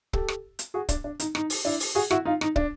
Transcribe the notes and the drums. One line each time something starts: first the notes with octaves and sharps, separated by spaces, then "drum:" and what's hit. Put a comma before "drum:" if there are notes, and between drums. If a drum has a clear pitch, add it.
G4 A4, drum: kick
drum: rim click
drum: hi-hat
F#4 G#4
D4, drum: kick, hi-hat
D4
D#4, drum: hi-hat
D#4, drum: rim click
drum: open hi-hat
D4 E4
drum: open hi-hat
F#4 G#4
E4 F#4, drum: rim click
D#4 F4
D#4, drum: rim click
D4, drum: kick